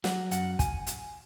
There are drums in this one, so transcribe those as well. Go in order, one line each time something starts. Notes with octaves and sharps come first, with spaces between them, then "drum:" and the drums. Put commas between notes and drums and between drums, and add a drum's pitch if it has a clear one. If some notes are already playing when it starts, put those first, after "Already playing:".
F#3 F#5, drum: snare
F#2 F#5, drum: hi-hat
G#5, drum: kick, hi-hat
drum: hi-hat